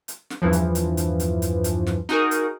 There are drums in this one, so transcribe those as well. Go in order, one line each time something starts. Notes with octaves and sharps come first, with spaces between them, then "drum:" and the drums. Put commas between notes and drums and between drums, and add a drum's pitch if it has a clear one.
drum: hi-hat
drum: snare
E2 G2 E3 F3
drum: hi-hat
drum: hi-hat
drum: hi-hat
drum: hi-hat
drum: hi-hat
drum: hi-hat
drum: snare
D#4 F#4 G#4 A#4, drum: snare
drum: hi-hat